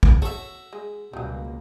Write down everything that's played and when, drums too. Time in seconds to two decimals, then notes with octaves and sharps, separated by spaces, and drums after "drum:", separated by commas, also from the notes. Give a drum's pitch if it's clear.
0.03 drum: kick
0.22 F#4 A4 C#5 E5
0.73 G#3
1.13 C#2 B2 F#3 G3 A#3